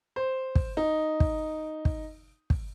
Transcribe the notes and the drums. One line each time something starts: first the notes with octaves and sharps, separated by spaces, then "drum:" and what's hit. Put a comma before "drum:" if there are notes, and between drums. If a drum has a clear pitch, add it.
C5
drum: kick
D#4
drum: kick
drum: kick
drum: kick